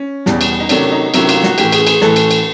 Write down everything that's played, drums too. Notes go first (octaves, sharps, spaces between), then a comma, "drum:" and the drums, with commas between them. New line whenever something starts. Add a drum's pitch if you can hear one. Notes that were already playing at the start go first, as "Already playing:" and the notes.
Already playing: C#4
E2 B2 G3, drum: snare
drum: cymbal
D#4
C3 D#3 F#3 A3 C#4 D4, drum: cymbal
D#4
C3 D#3 F#3 A3 C#4 E4, drum: cymbal
F4, drum: cymbal
F#4, drum: snare
A2 E3 A3 G4, drum: cymbal
G#4, drum: cymbal
G#4, drum: cymbal
A2 E3 A3 A4, drum: snare
drum: cymbal
drum: cymbal